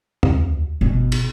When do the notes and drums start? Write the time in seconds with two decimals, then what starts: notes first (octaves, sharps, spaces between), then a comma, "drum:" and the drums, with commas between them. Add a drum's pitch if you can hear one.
0.23 D2, drum: tom
0.81 G1 B2
1.12 drum: cymbal